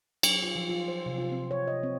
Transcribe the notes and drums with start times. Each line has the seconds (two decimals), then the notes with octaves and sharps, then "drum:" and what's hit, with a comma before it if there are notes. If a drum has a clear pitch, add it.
0.23 F#3, drum: cymbal
0.43 F4
0.55 F3
0.69 F4
0.88 C5
1.06 C3
1.18 F4
1.32 C4
1.51 C#5
1.68 D#5
1.83 C4